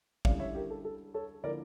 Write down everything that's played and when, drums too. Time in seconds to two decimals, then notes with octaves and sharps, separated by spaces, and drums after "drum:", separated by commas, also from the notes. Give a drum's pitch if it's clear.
0.25 D3 G3 C#4 E4 D5 F5, drum: kick
0.40 C#5 E5
0.54 G4 A#4
0.70 A4
0.85 A4
1.14 A4 C#5
1.43 D3 F3 A#3 E4 A#4 D5